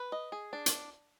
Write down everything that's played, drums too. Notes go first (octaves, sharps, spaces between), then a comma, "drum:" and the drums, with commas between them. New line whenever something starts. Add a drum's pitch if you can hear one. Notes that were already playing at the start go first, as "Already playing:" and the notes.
Already playing: B4
D#5
G#4
D4
drum: hi-hat